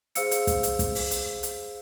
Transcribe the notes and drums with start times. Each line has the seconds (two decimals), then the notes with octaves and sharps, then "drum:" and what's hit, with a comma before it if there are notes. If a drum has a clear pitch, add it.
0.15 G#4 C5 F5 E6 C#7, drum: hi-hat
0.31 drum: hi-hat
0.47 drum: kick, hi-hat
0.63 drum: hi-hat
0.79 drum: kick, hi-hat
0.95 drum: open hi-hat
1.11 drum: hi-hat
1.43 drum: hi-hat